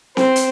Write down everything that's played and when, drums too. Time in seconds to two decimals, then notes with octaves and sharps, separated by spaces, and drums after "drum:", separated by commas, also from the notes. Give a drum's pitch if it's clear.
0.17 C4, drum: snare C4
0.36 drum: hi-hat